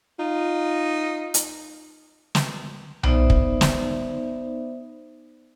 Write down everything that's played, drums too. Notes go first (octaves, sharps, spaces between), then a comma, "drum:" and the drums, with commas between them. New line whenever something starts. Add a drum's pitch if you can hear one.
D#4 F4
drum: hi-hat
drum: snare
B3 D#4 C5 D5 E5, drum: tom B1
drum: kick
drum: snare